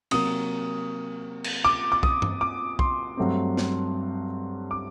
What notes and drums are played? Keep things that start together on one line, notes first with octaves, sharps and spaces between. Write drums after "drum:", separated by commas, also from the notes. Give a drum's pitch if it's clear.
C3 F#3 A#3 D#6, drum: cymbal
drum: cymbal
D6
D6
D#6, drum: kick
drum: tom G2
D6
C6, drum: kick
G2 F#3 A3 C4
drum: snare
D6